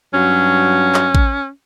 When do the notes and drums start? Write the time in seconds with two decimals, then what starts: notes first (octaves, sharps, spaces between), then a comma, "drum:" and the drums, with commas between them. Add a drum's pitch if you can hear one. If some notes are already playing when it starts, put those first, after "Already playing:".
0.14 G2 F#3 C#4
0.94 drum: clap
1.15 drum: kick A1